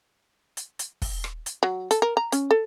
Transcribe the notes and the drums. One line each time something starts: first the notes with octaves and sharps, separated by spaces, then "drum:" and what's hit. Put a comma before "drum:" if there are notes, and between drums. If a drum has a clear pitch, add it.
drum: hi-hat
drum: hi-hat
drum: kick, open hi-hat
drum: rim click
drum: hi-hat
F#3
A4, drum: hi-hat
A#4
A#5
C#4, drum: hi-hat
A4